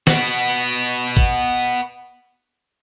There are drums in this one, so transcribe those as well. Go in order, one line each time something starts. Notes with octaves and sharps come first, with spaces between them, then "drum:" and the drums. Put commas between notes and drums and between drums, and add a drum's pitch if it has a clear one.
B3 F#4, drum: snare
drum: kick